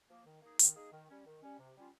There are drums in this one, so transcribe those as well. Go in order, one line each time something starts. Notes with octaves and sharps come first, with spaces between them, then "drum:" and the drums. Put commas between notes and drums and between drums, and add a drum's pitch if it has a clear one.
F3 A#3
D#3
A#3 D#4 G#4
D#3, drum: hi-hat
A#3 D#4 G#4
D#3
G3 C#4
D#3
G3 C#4
C3
G3 C#4 F4